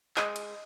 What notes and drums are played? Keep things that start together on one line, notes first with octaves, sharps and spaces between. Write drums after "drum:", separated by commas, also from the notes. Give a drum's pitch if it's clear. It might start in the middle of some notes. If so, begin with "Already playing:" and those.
G#3, drum: clap
drum: cymbal